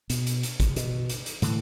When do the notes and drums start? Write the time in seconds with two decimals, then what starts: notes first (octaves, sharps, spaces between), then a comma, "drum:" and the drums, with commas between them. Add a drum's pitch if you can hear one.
0.10 B2, drum: hi-hat
0.27 drum: hi-hat
0.43 drum: hi-hat
0.60 drum: kick, hi-hat
0.76 B2, drum: hi-hat
1.09 drum: hi-hat
1.26 drum: hi-hat
1.42 A2 D3 E3, drum: hi-hat